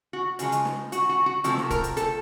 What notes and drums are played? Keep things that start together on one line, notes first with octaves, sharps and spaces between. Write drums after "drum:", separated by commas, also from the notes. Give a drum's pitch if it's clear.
F#4
C#3 F3 G#3 F#4, drum: hi-hat
drum: hi-hat
drum: snare
F#4, drum: hi-hat
F#4
F#4
C3 F3 A3 F#4, drum: hi-hat
drum: snare
A#4, drum: kick, hi-hat
drum: hi-hat
A4, drum: hi-hat